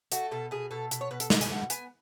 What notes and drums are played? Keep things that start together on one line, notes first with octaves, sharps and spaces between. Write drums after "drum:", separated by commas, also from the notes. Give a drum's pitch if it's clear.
A3 F#4, drum: hi-hat
B2 A4
B2 G#4
B2 A4
B2, drum: hi-hat
C#5
B2 B4
A4, drum: hi-hat
B2 D#5, drum: snare
G#5, drum: hi-hat
B2 F#5
B3 G#5, drum: hi-hat